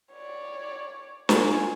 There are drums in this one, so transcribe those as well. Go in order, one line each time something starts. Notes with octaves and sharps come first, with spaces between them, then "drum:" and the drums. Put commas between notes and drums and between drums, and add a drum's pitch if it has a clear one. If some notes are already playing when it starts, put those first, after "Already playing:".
C#5 D5
F4 G#5, drum: snare